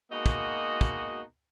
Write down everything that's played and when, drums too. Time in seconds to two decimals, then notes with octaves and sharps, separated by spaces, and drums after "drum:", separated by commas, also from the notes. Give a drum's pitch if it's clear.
0.12 B2 G#3 A#3 D#4 F#4 D#5
0.26 drum: kick
0.81 drum: kick